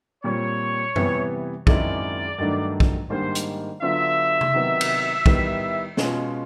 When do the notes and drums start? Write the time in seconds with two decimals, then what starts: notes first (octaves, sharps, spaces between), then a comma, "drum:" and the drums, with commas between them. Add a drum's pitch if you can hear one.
0.24 A#2 G3 C4 C#5
0.96 C3 E3 G3 B3, drum: tom F#2
1.67 F#2 D#3 G#3 C4 E4 D5, drum: kick B1
2.38 G2 D#3 F#3 A3 D4
2.80 drum: kick B1
3.10 G#2 D#3 G3 A#3 D4 C5
3.35 drum: hi-hat
3.82 D3 F#3 B3 D4 F4 E5
4.41 drum: tom C3
4.54 C3 D#3 F#3 B3
4.81 drum: cymbal
5.26 D#3 G3 B3 E4, drum: kick B1
5.97 B2 G#3 C#4 F4, drum: snare